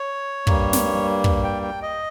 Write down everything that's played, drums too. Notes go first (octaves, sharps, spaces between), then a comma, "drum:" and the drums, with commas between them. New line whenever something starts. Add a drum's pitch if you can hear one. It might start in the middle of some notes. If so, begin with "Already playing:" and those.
Already playing: C#5
G2 G3 A#3, drum: kick
drum: snare
drum: kick
G5
G5
D#5